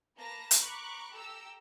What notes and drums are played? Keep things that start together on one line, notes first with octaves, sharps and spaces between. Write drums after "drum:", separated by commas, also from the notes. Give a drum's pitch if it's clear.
A#3 B4 A5 A#5 A#6
drum: hi-hat
A#5 B5 C#6 D6 F#6
G4 A4 A#5 E6